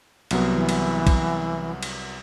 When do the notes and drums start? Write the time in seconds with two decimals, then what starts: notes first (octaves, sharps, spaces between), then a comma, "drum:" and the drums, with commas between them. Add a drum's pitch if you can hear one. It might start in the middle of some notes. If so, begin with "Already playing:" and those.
0.31 C2 F#3 B3, drum: cymbal
0.52 E3
0.69 drum: cymbal
1.07 drum: kick, cymbal
1.83 drum: cymbal